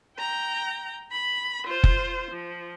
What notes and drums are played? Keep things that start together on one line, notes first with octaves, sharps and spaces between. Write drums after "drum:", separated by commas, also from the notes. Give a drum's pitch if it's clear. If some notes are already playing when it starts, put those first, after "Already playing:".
G5 A#5
B5
F4 C5
drum: kick F#1
F3